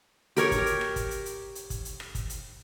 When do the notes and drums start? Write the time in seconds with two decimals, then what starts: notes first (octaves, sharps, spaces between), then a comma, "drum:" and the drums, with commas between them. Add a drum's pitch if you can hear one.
0.37 G4 A#4 C#5, drum: hi-hat
0.51 drum: kick, hi-hat
0.66 drum: hi-hat
0.81 drum: rim click
0.96 drum: kick, hi-hat
1.11 drum: hi-hat
1.26 drum: hi-hat
1.55 drum: hi-hat
1.70 drum: kick, hi-hat
1.85 drum: hi-hat
2.00 drum: rim click
2.15 drum: kick, hi-hat
2.30 drum: hi-hat